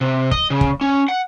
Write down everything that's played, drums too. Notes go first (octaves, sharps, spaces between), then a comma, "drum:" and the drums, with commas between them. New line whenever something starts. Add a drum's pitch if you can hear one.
C3
D#5, drum: kick
C#3
drum: kick
C#4
F#5